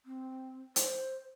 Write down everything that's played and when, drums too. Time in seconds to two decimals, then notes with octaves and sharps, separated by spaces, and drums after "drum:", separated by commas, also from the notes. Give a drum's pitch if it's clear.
0.05 C4
0.76 C5, drum: hi-hat